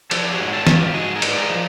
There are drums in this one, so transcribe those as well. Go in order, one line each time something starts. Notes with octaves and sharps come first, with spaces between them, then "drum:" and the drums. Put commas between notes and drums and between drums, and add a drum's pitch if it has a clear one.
F3 G4 A4, drum: cymbal
F#4 G#4
G#2
G4 A4
G#2, drum: snare
F4 G4
G#2 F#4 G#4
G#4 A#4
G#2, drum: cymbal
G#4 A#4
F3